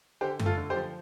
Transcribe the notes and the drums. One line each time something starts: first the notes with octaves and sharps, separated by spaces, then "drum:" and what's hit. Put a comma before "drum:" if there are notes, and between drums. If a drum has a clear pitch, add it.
D3 G4 C5
A3, drum: tom F#2
F4 A4
D3
G4 C5
F3